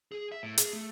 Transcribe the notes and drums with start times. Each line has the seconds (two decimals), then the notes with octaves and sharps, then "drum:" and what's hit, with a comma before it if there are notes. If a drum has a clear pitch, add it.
0.12 G#4
0.32 E5
0.43 A2
0.58 G#4, drum: hi-hat
0.73 A3